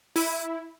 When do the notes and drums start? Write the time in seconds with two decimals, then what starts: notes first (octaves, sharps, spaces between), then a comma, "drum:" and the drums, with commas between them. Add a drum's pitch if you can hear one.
0.16 E4, drum: open hi-hat